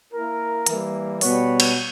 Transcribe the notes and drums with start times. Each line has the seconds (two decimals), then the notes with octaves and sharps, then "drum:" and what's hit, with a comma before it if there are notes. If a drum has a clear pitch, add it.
0.12 A#3 E4 A#4
0.66 E3 G3 A#3, drum: hi-hat
1.21 B2 G3 B3 F#4 C#5, drum: open hi-hat
1.60 drum: cymbal